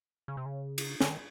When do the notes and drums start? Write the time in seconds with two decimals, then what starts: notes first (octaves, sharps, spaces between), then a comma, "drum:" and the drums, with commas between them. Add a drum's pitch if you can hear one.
0.28 C#3
0.37 C3
0.46 C#3
0.78 drum: cymbal
1.01 D3, drum: snare
1.09 D#3